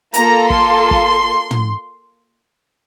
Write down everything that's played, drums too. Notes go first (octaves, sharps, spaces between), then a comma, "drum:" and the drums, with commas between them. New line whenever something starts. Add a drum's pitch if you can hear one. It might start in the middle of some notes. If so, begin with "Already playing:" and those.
A#3 F4 A4 A#5, drum: hi-hat
C6, drum: kick
drum: kick
drum: tom